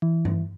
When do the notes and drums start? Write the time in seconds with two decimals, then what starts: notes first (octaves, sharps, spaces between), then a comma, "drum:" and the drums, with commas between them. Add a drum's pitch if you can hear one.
0.02 E3
0.25 drum: tom G2